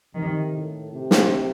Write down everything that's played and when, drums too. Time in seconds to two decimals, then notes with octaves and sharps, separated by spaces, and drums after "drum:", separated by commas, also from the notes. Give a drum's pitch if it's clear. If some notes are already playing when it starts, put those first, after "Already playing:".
0.15 C3 D#3
0.54 A2
0.93 C3
1.11 drum: snare